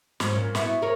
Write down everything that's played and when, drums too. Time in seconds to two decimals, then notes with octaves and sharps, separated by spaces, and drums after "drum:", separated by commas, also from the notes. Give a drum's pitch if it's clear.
0.20 G#2 F#3, drum: snare
0.33 A#2 C#4
0.55 B3 E4 F#4, drum: snare
0.81 G#4 A#4 C#5